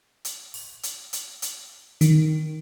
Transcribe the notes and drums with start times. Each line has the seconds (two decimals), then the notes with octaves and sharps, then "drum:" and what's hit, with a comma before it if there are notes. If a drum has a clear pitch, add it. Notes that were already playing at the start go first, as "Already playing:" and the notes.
0.25 drum: hi-hat
0.54 drum: open hi-hat
0.83 drum: hi-hat
1.13 drum: hi-hat
1.42 drum: hi-hat
2.01 D#3, drum: hi-hat